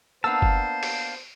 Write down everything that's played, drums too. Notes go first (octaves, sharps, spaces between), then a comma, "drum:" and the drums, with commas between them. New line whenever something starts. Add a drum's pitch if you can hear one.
A#3 B3 D4 C5 F5 A5 E6
drum: kick F#1
drum: open hi-hat